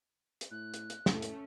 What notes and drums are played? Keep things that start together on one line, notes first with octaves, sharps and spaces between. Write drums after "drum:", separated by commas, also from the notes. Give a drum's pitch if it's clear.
drum: hi-hat
A2 F#6
drum: hi-hat
drum: hi-hat
A2 A3 C#4, drum: snare
drum: hi-hat